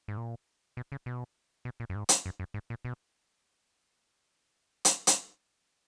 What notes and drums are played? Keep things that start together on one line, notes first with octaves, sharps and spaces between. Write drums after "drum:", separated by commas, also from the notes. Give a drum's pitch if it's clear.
G#2
A#2
B2
C#3
B2
B2
A#2
F#2
G#2
drum: hi-hat
F#2
F#2
G#2
A#2
B2
drum: hi-hat
drum: hi-hat